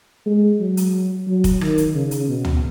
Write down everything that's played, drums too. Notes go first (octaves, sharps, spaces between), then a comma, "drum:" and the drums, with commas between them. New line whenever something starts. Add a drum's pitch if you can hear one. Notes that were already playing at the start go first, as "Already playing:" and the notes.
G#3
F#3
drum: hi-hat
F#3
drum: kick, hi-hat
D#3, drum: rim click
drum: hi-hat
C#3
drum: hi-hat
B2
drum: tom